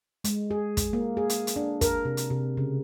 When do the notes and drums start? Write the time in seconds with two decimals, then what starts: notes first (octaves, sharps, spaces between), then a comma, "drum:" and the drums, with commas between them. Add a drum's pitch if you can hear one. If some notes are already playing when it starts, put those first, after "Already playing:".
0.24 G#3, drum: hi-hat
0.51 G#4
0.77 drum: kick, hi-hat
0.93 A#3
1.17 G#4
1.30 drum: hi-hat
1.47 drum: hi-hat
1.56 D4
1.81 A#4, drum: kick, hi-hat
2.05 C3
2.17 drum: hi-hat
2.30 C3
2.57 C#3